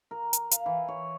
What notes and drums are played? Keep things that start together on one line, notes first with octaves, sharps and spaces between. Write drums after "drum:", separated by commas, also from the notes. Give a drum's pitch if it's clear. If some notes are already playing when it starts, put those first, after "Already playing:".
A#4
drum: hi-hat
F5, drum: hi-hat
E3
C#5